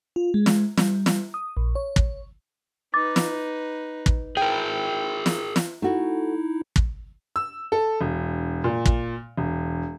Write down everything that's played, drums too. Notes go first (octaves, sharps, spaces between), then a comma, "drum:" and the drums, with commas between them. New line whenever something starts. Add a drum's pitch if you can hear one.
F4
G#3
drum: snare
G3, drum: snare
drum: snare
D#6
A#1
C#5
drum: kick
D#4 B4 D6 A6
drum: snare
drum: kick
E4 G#4 A#4 G5
drum: snare
drum: snare
A3 D#4 E4 F#4
drum: kick
E6
A4
E1
A#2
drum: kick
E1